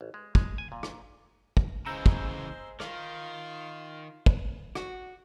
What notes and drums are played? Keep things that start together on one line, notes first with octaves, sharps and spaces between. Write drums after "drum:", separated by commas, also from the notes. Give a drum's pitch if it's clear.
A1
G#3
G#3, drum: kick
G#5
A#2
drum: rim click
drum: kick
C#3 E3 G#3 C5 A#5 E6 G6
drum: kick
D#3 F4 F6, drum: rim click
drum: kick
F#4, drum: rim click